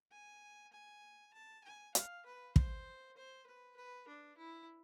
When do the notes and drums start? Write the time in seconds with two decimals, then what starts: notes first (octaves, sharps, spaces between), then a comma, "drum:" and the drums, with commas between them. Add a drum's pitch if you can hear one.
0.12 G#5
0.73 G#5
1.33 A5
1.64 G#5
1.95 F5, drum: hi-hat
2.26 B4
2.56 C5, drum: kick
3.17 C5
3.47 B4
3.77 B4
4.08 D4
4.37 E4